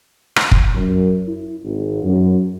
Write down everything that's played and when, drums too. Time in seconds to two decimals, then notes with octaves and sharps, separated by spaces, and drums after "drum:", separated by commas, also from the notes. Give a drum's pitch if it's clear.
0.36 drum: rim click
0.51 drum: kick
0.75 F#2
1.27 E4
1.64 G#1
2.03 F#2